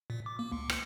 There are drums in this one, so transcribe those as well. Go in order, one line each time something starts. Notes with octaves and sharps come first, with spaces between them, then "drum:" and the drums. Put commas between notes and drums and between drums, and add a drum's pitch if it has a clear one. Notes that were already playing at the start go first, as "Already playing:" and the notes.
A#2
D6
A#3
C#2
C#7, drum: rim click